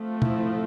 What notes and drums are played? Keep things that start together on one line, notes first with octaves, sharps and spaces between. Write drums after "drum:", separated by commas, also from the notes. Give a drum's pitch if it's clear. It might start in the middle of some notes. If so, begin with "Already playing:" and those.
Already playing: F3 A3 C4
E4, drum: tom